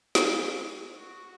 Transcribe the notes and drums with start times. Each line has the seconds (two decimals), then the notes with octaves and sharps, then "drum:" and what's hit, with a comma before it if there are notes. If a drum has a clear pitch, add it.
0.15 drum: snare
0.36 G#4
0.95 F#4